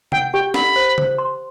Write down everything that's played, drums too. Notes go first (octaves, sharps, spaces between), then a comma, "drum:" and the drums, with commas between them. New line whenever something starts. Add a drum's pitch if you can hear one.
F#5 G5, drum: tom C3
G4 G5
F#5 B5, drum: snare
C5
C5, drum: tom C#3
C6